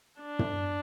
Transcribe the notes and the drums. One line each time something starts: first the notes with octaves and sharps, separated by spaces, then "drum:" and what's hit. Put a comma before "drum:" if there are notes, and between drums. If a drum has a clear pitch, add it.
D4
drum: tom